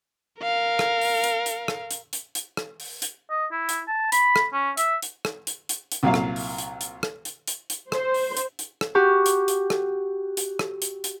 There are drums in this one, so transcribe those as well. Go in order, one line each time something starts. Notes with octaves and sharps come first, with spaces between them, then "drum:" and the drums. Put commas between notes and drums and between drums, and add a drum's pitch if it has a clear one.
A#4 F5
drum: rim click
drum: open hi-hat
drum: hi-hat
drum: hi-hat
drum: rim click
drum: hi-hat
drum: hi-hat
drum: hi-hat
drum: rim click
drum: open hi-hat
drum: hi-hat
D#5
E4
drum: hi-hat
A5
B5, drum: hi-hat
drum: rim click
C#4
E5, drum: hi-hat
drum: hi-hat
drum: rim click
drum: hi-hat
drum: hi-hat
drum: hi-hat
C2 A#2 F#3 E5 F5
drum: rim click
drum: open hi-hat
drum: hi-hat
drum: hi-hat
drum: rim click
drum: hi-hat
drum: hi-hat
drum: hi-hat
C5, drum: rim click
drum: open hi-hat
drum: hi-hat
drum: hi-hat
drum: rim click
F#4 G4
drum: hi-hat
drum: hi-hat
drum: rim click
drum: hi-hat
drum: rim click
drum: hi-hat
drum: hi-hat